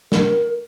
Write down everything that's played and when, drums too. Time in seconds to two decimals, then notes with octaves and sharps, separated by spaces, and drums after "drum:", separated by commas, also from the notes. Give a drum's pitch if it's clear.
0.12 A#4, drum: snare